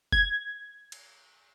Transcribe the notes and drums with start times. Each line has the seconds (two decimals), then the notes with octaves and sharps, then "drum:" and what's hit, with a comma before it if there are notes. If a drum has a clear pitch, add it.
0.12 G#6, drum: kick F#1
0.92 drum: cymbal